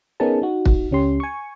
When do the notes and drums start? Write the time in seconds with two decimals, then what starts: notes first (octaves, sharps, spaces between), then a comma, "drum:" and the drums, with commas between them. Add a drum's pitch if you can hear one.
0.20 B3 C#4 D#4 G#4 A#4 A5
0.42 D#4 F#4
0.65 drum: kick
0.91 C#2 C#4 G4 C6
1.20 G#5 C#6